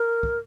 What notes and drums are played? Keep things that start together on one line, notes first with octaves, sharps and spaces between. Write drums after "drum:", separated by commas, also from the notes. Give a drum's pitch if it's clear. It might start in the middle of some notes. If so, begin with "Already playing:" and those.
Already playing: A#4
drum: kick